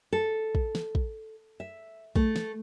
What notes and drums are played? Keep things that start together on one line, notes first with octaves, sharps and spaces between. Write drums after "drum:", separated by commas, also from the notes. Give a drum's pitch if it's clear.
A4
drum: kick
drum: snare
drum: kick
E5
A3, drum: kick
drum: snare